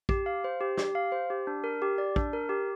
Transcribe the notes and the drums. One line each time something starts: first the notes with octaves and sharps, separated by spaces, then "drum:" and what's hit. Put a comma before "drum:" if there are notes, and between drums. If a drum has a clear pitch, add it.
G4, drum: kick
F5
C5
G4
G4, drum: snare
F5
C5
G4
D4
A#4
G4
D5
D4, drum: kick
A#4
G4